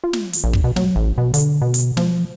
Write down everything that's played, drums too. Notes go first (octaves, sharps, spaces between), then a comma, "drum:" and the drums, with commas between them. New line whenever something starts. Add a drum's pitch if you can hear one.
F4
drum: snare
drum: hi-hat
A#1
drum: kick
B2
F#3, drum: snare
A1
B2
D3, drum: hi-hat
B2
drum: hi-hat
F3, drum: snare